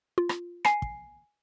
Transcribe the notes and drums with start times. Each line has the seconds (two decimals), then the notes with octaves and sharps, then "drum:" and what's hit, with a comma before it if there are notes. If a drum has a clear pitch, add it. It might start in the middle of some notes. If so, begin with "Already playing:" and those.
0.18 F4
0.29 drum: rim click
0.65 G#5 C7, drum: rim click
0.82 drum: kick